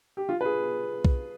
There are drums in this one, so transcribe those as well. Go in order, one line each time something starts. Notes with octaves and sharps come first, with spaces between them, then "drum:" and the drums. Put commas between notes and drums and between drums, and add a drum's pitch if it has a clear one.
G4
F4
B4
G#4
drum: kick B1